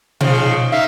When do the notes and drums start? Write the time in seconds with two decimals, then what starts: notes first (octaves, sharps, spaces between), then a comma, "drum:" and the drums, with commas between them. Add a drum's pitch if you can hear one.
0.21 G#2 C#3 F3, drum: tom B2
0.72 D#4 E5 F5